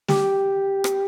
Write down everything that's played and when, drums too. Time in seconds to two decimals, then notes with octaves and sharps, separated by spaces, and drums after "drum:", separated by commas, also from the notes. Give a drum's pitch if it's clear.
0.08 G4, drum: snare
0.84 drum: rim click